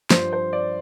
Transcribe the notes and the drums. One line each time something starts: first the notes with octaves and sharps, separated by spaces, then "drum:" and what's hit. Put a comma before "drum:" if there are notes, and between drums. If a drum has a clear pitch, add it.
G2 F3 C5, drum: snare
C5
D5